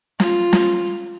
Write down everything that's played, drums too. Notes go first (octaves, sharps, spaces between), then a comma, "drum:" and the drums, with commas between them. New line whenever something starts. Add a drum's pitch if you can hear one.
F4, drum: snare
drum: snare